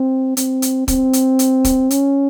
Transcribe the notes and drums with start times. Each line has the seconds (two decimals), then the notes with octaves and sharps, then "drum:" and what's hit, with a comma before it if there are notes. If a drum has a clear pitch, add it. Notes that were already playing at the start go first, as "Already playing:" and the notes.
Already playing: C4
0.37 C4, drum: hi-hat
0.62 drum: hi-hat
0.88 C4, drum: kick, hi-hat
1.13 drum: hi-hat
1.39 drum: hi-hat
1.65 drum: kick, hi-hat
1.91 C#4, drum: hi-hat